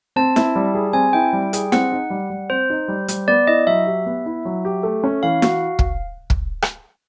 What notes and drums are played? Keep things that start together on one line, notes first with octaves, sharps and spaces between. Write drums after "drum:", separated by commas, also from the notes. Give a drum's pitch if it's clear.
C4 A5
E4, drum: snare E4
G3
G#4
C4 G#5
E4 G5
G3
G#4, drum: hi-hat
C4 F#5, drum: snare E4
D#4
G3
G3
C4 C5
D#4
G3
G3, drum: hi-hat
B3 D5
E4 D#5
F#3 E5
G4
B3
E4
F#3
G4
A3
C#4
E3 F5
F#4, drum: snare E4
drum: kick
drum: kick
drum: rim click